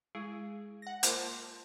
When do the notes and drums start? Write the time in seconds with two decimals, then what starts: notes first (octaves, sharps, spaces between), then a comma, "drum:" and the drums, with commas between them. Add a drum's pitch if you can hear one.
0.15 G#3 E4 G#4
0.82 F#5 A#6
1.03 A#3 F4 A#4 C5 A5 C6, drum: hi-hat